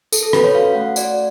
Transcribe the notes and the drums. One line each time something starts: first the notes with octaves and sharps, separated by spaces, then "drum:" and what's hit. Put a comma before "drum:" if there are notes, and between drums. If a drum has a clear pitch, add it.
A4, drum: tambourine
A4
C#4 B4, drum: rim click
C#5
F#4 F5
A3 F#5
F#4 D5, drum: tambourine